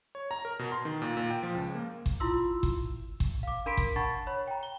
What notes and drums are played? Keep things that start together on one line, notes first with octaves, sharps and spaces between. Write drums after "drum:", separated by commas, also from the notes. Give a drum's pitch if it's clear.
C#5
A#5
A#4
B2
C6
D#3
A#2
A#2
G5
F3
C#2
A#3
drum: kick G1
E4 F4 C6 E6
drum: kick G1
drum: kick G1
F5 D6
D4 A#4 B5 C6 B6 D7
drum: kick G1
D4 F#5 A5 B5 C#6 A6
C#5 B5
G5 A#5
G7